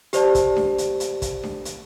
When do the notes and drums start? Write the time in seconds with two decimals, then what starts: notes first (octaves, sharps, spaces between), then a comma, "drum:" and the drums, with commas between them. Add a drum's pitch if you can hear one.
0.13 G4 C5 D5 A5, drum: hi-hat
0.35 drum: kick, hi-hat
0.56 drum: snare D4
0.78 drum: hi-hat
1.00 drum: hi-hat
1.22 drum: kick, hi-hat
1.43 drum: snare D4
1.65 drum: hi-hat